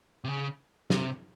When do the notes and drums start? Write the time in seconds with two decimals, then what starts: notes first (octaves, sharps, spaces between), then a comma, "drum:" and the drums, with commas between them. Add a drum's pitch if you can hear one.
0.24 C3
0.28 C#3
0.90 C3, drum: snare